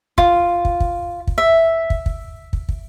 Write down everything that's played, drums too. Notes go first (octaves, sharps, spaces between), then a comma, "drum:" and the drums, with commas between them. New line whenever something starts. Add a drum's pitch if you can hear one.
F4, drum: kick
drum: kick
drum: kick
drum: kick
E5
drum: kick
drum: kick
drum: kick
drum: kick